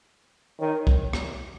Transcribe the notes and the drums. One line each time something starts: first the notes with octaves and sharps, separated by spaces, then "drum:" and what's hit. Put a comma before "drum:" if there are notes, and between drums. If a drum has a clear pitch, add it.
D#3 C#5
drum: kick C2
drum: rim click